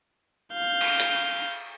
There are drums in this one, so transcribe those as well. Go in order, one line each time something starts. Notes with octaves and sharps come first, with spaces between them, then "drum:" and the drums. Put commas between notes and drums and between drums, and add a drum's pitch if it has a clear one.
F5 G6
drum: cymbal
drum: hi-hat